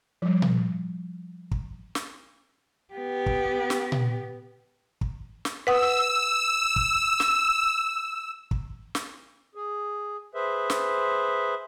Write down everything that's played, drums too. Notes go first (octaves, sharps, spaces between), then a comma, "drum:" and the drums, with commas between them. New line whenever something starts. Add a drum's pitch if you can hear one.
F3 G3
drum: tom A#2
drum: kick
drum: snare
B3 G4
drum: kick
drum: snare
drum: tom A#2
drum: kick
drum: snare
B4 F#5 D#6 E6
drum: kick
drum: snare
drum: kick
drum: snare
G#4
G#4 B4 C5 E5
drum: snare